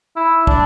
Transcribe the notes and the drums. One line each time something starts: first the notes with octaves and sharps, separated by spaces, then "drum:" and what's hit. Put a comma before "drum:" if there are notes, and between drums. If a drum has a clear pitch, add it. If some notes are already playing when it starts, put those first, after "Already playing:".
E4
D4, drum: kick